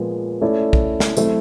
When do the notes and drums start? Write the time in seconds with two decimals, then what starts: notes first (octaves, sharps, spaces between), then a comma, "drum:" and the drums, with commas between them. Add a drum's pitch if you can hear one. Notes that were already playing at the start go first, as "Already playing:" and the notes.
Already playing: A#2 F3 G#3 B3
0.41 A3 C#4 E4 A4 D5
0.73 drum: kick
1.00 drum: snare
1.17 F#3 A3 C4 E4, drum: tambourine